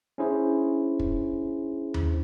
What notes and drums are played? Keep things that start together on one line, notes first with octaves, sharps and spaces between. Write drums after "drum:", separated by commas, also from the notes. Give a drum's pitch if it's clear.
C#4 D4 E4 G#4 C5
drum: kick
drum: tom D#2